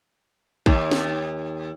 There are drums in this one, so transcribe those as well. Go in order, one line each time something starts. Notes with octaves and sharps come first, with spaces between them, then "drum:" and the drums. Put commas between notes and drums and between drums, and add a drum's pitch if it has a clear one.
D#2, drum: kick
drum: snare